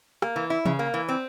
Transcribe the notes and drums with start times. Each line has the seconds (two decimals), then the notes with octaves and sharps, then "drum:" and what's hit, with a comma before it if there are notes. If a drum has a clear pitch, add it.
0.22 A#3, drum: rim click
0.36 E3
0.50 E4
0.66 C#3, drum: tom
0.79 A#3
0.94 E3
1.09 C4